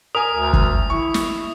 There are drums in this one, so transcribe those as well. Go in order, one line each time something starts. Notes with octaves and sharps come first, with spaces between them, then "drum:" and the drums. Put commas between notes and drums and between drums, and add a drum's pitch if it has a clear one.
A#4 G#5 D#6
D2
drum: kick
E4 C#6
drum: snare